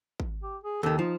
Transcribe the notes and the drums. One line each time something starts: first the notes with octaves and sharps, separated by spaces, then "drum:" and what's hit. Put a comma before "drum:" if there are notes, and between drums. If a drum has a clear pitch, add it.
drum: kick
G4
G#4
D#2 D#3 A4
F3 D#4